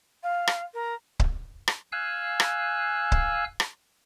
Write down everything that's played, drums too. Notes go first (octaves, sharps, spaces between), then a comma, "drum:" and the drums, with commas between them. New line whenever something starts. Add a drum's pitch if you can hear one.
F5
drum: rim click
A#4
drum: kick C#1
drum: rim click
F5 G#5 E6 F#6
drum: rim click
drum: kick C#1
drum: rim click